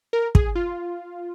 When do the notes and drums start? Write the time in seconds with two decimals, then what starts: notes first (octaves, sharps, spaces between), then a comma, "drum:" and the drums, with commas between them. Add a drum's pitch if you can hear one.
0.13 A#4
0.35 G#4, drum: kick
0.55 F4